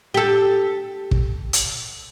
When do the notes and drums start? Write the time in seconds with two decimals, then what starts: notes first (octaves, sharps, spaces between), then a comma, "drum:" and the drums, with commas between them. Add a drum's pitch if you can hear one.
0.14 G4 A4
1.11 drum: kick
1.53 drum: hi-hat